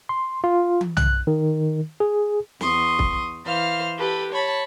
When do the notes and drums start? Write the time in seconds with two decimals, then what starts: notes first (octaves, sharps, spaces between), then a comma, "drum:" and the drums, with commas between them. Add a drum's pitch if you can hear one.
0.09 C6
0.44 F4
0.81 drum: tom
0.97 F#6, drum: tom
1.27 D#3
2.00 G#4
2.61 E2 C6 C#6 D#6, drum: snare
2.99 drum: kick
3.45 E3 C5 F5 F6
3.98 G4 A4 B4
4.32 C#5 A5 B5